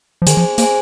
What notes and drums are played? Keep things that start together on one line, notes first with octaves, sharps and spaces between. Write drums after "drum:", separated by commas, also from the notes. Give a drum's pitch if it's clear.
F3
D#3 G#4 C5 G#5, drum: hi-hat
F3
A#3 G#4 C5 G#5, drum: hi-hat